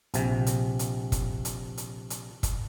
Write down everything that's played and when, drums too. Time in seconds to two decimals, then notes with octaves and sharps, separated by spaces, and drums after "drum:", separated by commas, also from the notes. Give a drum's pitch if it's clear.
0.14 A#1 C3, drum: hi-hat
0.46 drum: hi-hat
0.79 drum: hi-hat
1.12 drum: kick, hi-hat
1.45 drum: hi-hat
1.78 drum: hi-hat
2.10 drum: hi-hat
2.43 drum: kick, hi-hat